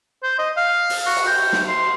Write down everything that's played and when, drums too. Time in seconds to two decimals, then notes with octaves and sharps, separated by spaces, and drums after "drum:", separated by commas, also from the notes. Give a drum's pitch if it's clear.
0.23 C5
0.39 D#5
0.57 F5
0.90 drum: open hi-hat
1.06 F#4
1.17 drum: cymbal
1.27 G5
1.53 drum: snare
1.68 C6